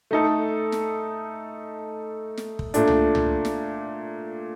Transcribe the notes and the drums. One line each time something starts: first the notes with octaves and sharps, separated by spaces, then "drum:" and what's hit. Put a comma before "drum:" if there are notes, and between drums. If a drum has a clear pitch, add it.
A3 D#4 A4
drum: snare
drum: snare
drum: kick
A#2 A3 D4, drum: hi-hat
drum: tom
drum: tom
drum: snare